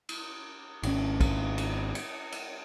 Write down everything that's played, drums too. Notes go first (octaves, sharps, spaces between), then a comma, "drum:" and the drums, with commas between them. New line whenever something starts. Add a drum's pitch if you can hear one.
drum: cymbal
G#1 C#4, drum: cymbal
drum: kick, cymbal
drum: cymbal
drum: cymbal
drum: cymbal